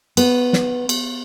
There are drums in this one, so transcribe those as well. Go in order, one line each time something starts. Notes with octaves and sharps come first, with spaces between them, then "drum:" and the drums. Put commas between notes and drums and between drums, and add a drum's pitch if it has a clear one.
B3, drum: cymbal
drum: snare
drum: cymbal